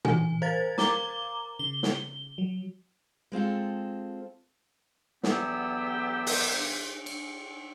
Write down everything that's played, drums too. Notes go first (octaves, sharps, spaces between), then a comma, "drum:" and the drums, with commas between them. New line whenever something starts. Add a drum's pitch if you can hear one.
E3 G#5, drum: tom A#2
A#4 C5 F5 G#6 A6
A#5 D6 G7, drum: snare
C#3 G7
drum: snare
F#3
G#3 C4 F4 A4
E2 D3 F#3 B3 G4 E6, drum: snare
drum: open hi-hat
drum: cymbal
drum: cymbal